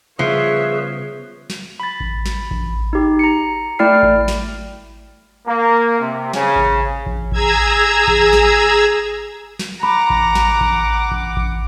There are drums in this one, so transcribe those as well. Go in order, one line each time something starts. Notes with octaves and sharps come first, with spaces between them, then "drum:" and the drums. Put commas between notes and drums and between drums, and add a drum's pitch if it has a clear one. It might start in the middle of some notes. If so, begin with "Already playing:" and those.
C#3 F3 G3 B3 G#4 B4 C#5 E5
drum: snare
B5 A6
drum: kick A1
drum: snare
drum: kick A1
D#4 G4
A#5 C#7
A3 E4 D5 G5 F6 C7
drum: kick A1
drum: snare
A#3
C3
C#3, drum: snare
drum: kick A1
drum: kick A1
G#4 A#5 E6 G#6, drum: kick A1
drum: kick A1
drum: snare
drum: snare
F#5 A#5 B5 D6
drum: kick A1
drum: snare
drum: kick A1
drum: kick A1
drum: kick A1